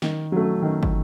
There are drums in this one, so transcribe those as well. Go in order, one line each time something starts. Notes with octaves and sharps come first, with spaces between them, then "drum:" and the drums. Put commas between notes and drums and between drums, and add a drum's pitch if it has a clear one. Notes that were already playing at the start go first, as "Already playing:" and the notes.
D#3, drum: snare
F#3 A3
D#3
drum: kick